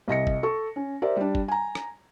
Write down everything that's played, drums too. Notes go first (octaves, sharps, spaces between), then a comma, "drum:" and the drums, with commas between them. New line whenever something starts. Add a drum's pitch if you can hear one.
C2 D#5 A#6 C#7
drum: kick
A4 C#6
C#4
G4 A#4 C5 D5 E5
G3 D4
drum: kick
G#5 A#5
drum: rim click